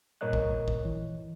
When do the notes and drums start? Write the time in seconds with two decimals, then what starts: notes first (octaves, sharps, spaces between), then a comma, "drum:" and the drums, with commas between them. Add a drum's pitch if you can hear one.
0.21 G2 A#2 A#4 C#5 D#5 F#6
0.33 drum: kick A1
0.68 drum: kick A1
0.85 E3